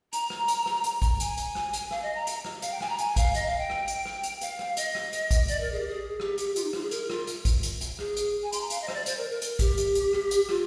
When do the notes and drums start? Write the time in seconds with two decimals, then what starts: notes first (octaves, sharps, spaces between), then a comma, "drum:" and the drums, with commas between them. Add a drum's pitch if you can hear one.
0.13 A#5, drum: hi-hat
0.30 drum: rim click
0.48 drum: hi-hat
0.66 drum: rim click
0.84 drum: hi-hat
1.02 drum: kick A1, hi-hat
1.20 G#5, drum: hi-hat
1.37 drum: hi-hat
1.55 drum: rim click
1.73 drum: hi-hat
1.91 F5, drum: rim click
2.03 D#5
2.15 A#5
2.27 drum: hi-hat
2.45 drum: rim click
2.62 F5, drum: hi-hat
2.72 G5
2.81 G#5, drum: rim click
2.89 A#5
2.98 G#5, drum: hi-hat
3.16 F5, drum: kick A1, hi-hat
3.34 D#5, drum: hi-hat
3.46 F5
3.58 G5
3.70 drum: rim click
3.88 drum: hi-hat
4.06 drum: rim click
4.23 drum: hi-hat
4.41 F5, drum: hi-hat
4.59 drum: rim click
4.77 D#5, drum: hi-hat
4.95 drum: rim click
5.13 drum: hi-hat
5.31 drum: kick A1, hi-hat
5.48 D5, drum: hi-hat
5.61 A#4
5.72 G#4
5.80 G4
5.88 G#4
6.20 G4, drum: rim click
6.38 G4, drum: hi-hat
6.56 F4, drum: hi-hat
6.64 D#4
6.73 F4, drum: rim click
6.83 G#4
6.91 A#4, drum: hi-hat
7.10 F4, drum: rim click
7.27 drum: hi-hat
7.45 drum: kick A1, hi-hat
7.63 drum: hi-hat
7.81 drum: hi-hat
7.99 G#4, drum: rim click
8.17 drum: hi-hat
8.43 G#5
8.52 C6, drum: hi-hat
8.61 A#5
8.70 F5, drum: hi-hat
8.82 D#5
8.88 C5, drum: rim click
8.94 D5
9.06 C5, drum: hi-hat
9.18 A#4
9.30 A#4
9.42 drum: hi-hat
9.59 G4, drum: kick A1, hi-hat
9.77 drum: hi-hat
9.95 drum: hi-hat
10.13 drum: rim click
10.31 drum: hi-hat
10.49 F4, drum: rim click